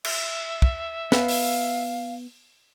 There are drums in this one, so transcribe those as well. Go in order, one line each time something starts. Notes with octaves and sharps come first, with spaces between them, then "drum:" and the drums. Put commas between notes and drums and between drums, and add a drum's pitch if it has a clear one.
E5, drum: cymbal
drum: kick
B3 F5, drum: snare
drum: open hi-hat